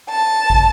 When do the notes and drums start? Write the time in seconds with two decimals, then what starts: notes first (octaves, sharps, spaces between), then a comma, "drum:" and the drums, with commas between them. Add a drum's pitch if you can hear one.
0.10 A5
0.50 drum: kick